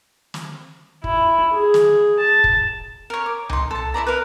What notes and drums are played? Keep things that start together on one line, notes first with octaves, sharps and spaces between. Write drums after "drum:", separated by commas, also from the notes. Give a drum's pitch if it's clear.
drum: snare
E4, drum: kick
G#4
drum: snare
A5
drum: kick
A#4 C#5
D6
D#4 C6, drum: tom C2
A4 A5
E4 C5 D5 A#5
A#4 B4